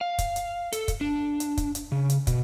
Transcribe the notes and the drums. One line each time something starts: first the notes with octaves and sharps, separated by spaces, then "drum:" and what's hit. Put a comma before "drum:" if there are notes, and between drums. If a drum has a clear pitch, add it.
F5
drum: kick, hi-hat
drum: hi-hat
A4, drum: hi-hat
drum: kick, hi-hat
D4
drum: hi-hat
drum: kick, hi-hat
drum: hi-hat
C#3
drum: hi-hat
B2, drum: kick, hi-hat